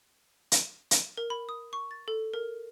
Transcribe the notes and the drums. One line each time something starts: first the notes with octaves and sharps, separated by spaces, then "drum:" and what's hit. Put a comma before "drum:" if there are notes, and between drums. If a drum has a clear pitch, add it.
drum: hi-hat
drum: hi-hat
A#4
B5
D#6
C#6
A6
A4
A#4